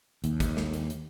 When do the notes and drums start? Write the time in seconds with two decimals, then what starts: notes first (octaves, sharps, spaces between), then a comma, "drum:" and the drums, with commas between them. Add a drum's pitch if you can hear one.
0.24 D#2, drum: hi-hat
0.40 drum: kick, hi-hat
0.57 drum: snare
0.73 drum: hi-hat
0.90 drum: hi-hat